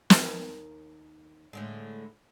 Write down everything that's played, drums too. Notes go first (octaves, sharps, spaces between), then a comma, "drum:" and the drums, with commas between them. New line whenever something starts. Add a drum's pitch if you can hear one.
D#2 A#4, drum: snare
A2 D3 G#3